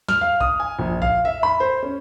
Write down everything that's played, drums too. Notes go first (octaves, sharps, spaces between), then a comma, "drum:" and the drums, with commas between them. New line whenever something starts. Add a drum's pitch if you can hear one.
F6, drum: snare
F5
D#6, drum: kick B1
G#5
A#1
F5, drum: kick B1
E5
B5
C5
C#4